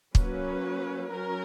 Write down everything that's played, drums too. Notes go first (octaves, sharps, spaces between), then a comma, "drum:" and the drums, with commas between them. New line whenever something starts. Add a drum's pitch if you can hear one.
F#3 A#3 C#4 B4, drum: kick
F#3 C#4 A#4